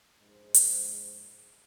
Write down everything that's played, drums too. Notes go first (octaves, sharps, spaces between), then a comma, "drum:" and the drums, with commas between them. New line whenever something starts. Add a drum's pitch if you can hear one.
A#1 G#2 G#3 C5
drum: hi-hat